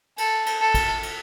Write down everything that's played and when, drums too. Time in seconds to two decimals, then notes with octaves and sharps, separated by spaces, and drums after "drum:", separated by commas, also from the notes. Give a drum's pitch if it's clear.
0.18 A4, drum: cymbal
0.46 drum: cymbal
0.60 A4
0.74 drum: kick, cymbal
1.03 drum: cymbal